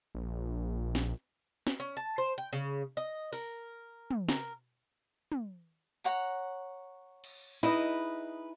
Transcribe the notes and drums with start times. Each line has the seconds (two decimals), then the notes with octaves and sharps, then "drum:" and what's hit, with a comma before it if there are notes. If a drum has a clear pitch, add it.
0.15 A#1
0.95 drum: snare
1.67 drum: snare
1.80 C#4
1.97 A5
2.18 C5
2.38 G5, drum: hi-hat
2.53 C#3
2.97 D#5
3.32 A#4, drum: open hi-hat
4.11 drum: tom
4.29 A#4, drum: snare
5.32 drum: tom
6.04 C#5 F#5 A#5
7.24 drum: cymbal
7.63 D#4 E4 G#4 B4 D#5